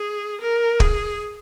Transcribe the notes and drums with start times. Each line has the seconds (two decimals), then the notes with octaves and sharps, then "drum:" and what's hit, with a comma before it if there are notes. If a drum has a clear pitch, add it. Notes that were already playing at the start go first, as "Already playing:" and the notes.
Already playing: G#4
0.41 A#4
0.80 G#4, drum: kick